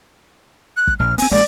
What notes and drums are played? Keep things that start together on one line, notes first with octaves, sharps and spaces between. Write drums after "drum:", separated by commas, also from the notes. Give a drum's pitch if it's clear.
F#6
drum: kick
A#1 F6
B3 C4 G#5, drum: open hi-hat
A1 G#3 A#3 D5